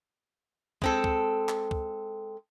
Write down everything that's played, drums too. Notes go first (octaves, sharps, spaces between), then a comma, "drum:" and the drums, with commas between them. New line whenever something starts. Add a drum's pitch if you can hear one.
G#3 C4 A4, drum: kick
drum: kick
drum: clap
drum: kick